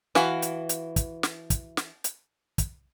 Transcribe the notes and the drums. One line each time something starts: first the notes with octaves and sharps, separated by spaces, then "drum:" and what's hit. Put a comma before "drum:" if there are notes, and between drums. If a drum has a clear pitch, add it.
E3 F#4 F5, drum: snare
drum: hi-hat
drum: hi-hat
drum: kick, hi-hat
drum: snare
drum: kick, hi-hat
drum: snare
drum: hi-hat
drum: kick, hi-hat